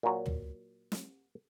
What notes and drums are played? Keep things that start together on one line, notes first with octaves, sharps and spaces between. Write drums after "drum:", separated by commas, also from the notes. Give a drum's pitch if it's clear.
A#2 F#3
drum: tom
drum: snare